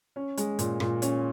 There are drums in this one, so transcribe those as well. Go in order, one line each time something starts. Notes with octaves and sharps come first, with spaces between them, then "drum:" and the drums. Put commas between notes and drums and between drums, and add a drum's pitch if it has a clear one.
C#4
G#3, drum: hi-hat
A#2, drum: hi-hat
A#2, drum: rim click
C#4, drum: hi-hat